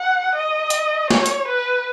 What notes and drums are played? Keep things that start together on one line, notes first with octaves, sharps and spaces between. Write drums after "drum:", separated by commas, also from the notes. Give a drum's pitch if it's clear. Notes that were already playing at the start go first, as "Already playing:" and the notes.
Already playing: F#5
D#5
drum: hi-hat
C#5, drum: snare
drum: hi-hat
B4